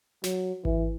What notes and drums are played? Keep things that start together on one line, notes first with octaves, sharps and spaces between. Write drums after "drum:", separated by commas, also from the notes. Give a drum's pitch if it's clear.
F#3, drum: snare
E3, drum: kick G#1